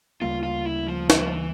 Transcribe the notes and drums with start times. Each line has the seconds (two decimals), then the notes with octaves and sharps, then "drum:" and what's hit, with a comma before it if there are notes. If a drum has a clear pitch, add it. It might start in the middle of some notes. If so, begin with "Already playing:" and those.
0.21 D2 C#3 G3 A#3 F4
0.43 F4
0.65 E4
0.88 F3
1.10 E3, drum: snare
1.21 F3
1.33 E3